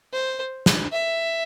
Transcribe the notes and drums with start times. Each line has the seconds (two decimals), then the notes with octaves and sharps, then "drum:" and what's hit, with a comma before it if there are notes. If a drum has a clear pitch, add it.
0.13 C5
0.66 drum: snare
0.92 E5